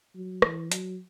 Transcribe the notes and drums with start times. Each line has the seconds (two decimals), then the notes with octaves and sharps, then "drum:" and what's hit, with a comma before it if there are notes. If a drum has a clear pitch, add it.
0.15 F#3
0.42 E3, drum: rim click
0.72 F#3, drum: hi-hat